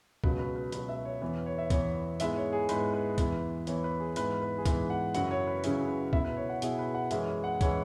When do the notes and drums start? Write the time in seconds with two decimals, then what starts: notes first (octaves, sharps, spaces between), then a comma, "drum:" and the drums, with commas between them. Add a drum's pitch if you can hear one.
0.24 C#2 B2 F#3 B4, drum: kick
0.39 B4
0.56 B4
0.72 C#2 B2 F#3 B4, drum: hi-hat
0.89 E5
1.05 C#5
1.22 E2 E3 B3 C#5
1.46 C#5
1.58 E5
1.70 E2 E3 B3 C#5, drum: kick, hi-hat
2.20 G#2 G#3 B3 E4 E5, drum: hi-hat
2.37 C#5
2.53 G#4
2.69 G#2 G#3 B3 E4 B4, drum: hi-hat
2.94 B4
3.18 E2 E3 B3 E4, drum: kick, hi-hat
3.67 E2 E3 B3 E4 C#5, drum: hi-hat
3.84 B4
4.00 G#4
4.16 G#2 E3 B3 E4 B4, drum: hi-hat
4.41 B4
4.58 G#4
4.66 G#2 E3 B3 E4 B4, drum: kick, hi-hat
4.90 F#5
5.15 F#2 C#3 F#3 E4 F#5, drum: hi-hat
5.31 C#5
5.47 B4
5.64 F#2 C#3 F#3 E4 G#4, drum: hi-hat
5.88 B4
6.13 B2 B3 E4 E5, drum: kick
6.25 B4
6.37 C#5
6.50 F#5
6.62 B2 B3 E4 G#4, drum: hi-hat
6.79 B4
6.95 F#5
7.11 F#2 E3 G#3 C#4 E4 E5, drum: hi-hat
7.27 C#5
7.44 F#5
7.61 E3 G#3 C#4 E4 C#5, drum: kick, hi-hat